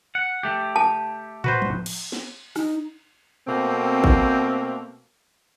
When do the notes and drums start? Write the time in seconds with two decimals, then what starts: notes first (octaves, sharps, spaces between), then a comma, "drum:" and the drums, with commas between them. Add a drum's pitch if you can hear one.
0.15 F#5
0.43 A3 G4
0.76 A5
1.44 F#4 B4 C5, drum: tom
1.62 drum: tom F3
1.86 drum: cymbal
2.12 drum: snare
2.56 D#4, drum: rim click
3.46 B2 A3 A#3 C4
4.04 drum: kick G#1